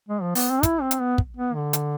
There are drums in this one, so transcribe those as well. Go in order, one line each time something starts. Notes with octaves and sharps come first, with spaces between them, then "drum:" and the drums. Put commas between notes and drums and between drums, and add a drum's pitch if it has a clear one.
G#3
F3
B3, drum: open hi-hat
C4
E4, drum: kick, hi-hat
C4
drum: hi-hat
B3
drum: kick
B3
D3
drum: hi-hat